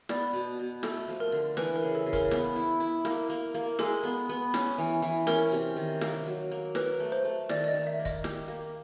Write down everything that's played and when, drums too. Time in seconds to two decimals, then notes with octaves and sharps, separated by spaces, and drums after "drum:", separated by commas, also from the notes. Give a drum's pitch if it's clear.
0.09 B3 D5, drum: snare
0.33 B2
0.59 B2
0.83 A3 A4, drum: snare
1.08 F3
1.20 A#4
1.32 D3
1.57 E3 B4, drum: snare
1.76 A#4
1.82 C#3
1.95 A4
2.06 C#3
2.13 A#4, drum: kick, hi-hat
2.31 B3, drum: snare
2.56 E4
2.80 E4
3.05 A#3, drum: snare
3.29 A#3
3.54 A#3
3.79 G#3 A4, drum: snare
4.03 B3
4.29 B3
4.54 C#4, drum: snare
4.78 E3
5.02 E3
5.27 C#4 A#4, drum: snare
5.52 C3
5.76 D#3
6.01 A#3, drum: snare
6.26 F#3
6.51 A#3
6.75 A#4 B4, drum: snare
7.00 A3
7.12 C5
7.25 A3
7.49 D#3 D5, drum: snare
7.64 D5
7.68 D#5
7.74 D#3
7.87 E5
7.99 A#3
8.05 D#5, drum: kick, hi-hat
8.24 G4, drum: snare
8.48 A#3